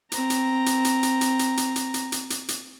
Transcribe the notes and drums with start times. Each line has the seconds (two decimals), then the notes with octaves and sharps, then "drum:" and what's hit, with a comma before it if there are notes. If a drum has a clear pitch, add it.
0.12 C4 A#5, drum: hi-hat
0.30 drum: hi-hat
0.66 drum: hi-hat
0.84 drum: hi-hat
1.03 drum: hi-hat
1.21 drum: hi-hat
1.39 drum: hi-hat
1.57 drum: hi-hat
1.76 drum: hi-hat
1.94 drum: hi-hat
2.12 drum: hi-hat
2.30 drum: hi-hat
2.48 drum: hi-hat